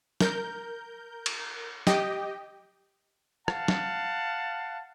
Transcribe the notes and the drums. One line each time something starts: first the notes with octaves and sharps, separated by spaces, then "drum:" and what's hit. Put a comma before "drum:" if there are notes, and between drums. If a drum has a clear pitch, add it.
A#4 G6, drum: snare
drum: cymbal
G4 D#5 G5, drum: snare
F5 F#5 A5, drum: rim click
drum: snare